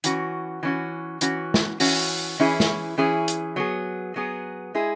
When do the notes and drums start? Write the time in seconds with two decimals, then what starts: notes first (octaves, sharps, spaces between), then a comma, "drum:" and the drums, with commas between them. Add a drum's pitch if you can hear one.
0.04 E3 C#4 F#4, drum: hi-hat
0.63 E3 C#4 F#4
1.21 E3 C#4 F#4, drum: hi-hat
1.54 drum: snare
1.80 E3 C#4 F#4, drum: open hi-hat
2.39 E3 C#4 E4 G#4
2.60 drum: snare
2.98 E3 C#4 E4 G#4
3.28 drum: hi-hat
3.56 F#3 B3 G#4
4.16 F#3 B3 G#4
4.74 G#3 E4 G#4